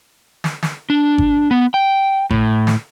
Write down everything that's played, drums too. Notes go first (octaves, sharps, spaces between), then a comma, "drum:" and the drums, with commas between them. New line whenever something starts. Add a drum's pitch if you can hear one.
drum: snare
drum: snare
D4
drum: kick G#1
B3
G5
A2, drum: kick G#1
drum: snare